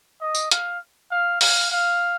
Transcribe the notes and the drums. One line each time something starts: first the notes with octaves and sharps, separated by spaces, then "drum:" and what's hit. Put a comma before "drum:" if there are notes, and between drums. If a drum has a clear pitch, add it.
D#5
drum: tambourine
F5, drum: hi-hat
F5
F5, drum: open hi-hat
F5